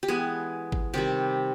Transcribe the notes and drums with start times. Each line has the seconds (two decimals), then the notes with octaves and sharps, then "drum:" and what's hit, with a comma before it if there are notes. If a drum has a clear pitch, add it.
0.03 G4
0.08 E3 G#3 B3 G#4
0.72 drum: kick G#1
0.94 C3 D#3 G3 G4